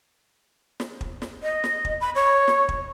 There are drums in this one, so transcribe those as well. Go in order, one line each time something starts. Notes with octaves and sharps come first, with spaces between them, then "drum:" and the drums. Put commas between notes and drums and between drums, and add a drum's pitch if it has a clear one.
drum: snare
drum: kick
drum: snare
D#5
drum: snare
drum: kick
B5
C#5
drum: snare
drum: kick